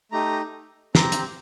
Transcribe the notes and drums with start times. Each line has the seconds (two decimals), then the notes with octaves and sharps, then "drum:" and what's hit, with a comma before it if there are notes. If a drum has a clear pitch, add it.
0.12 A3 D#4 G4 A#5
0.95 C4 G4 A#5, drum: snare
1.12 drum: hi-hat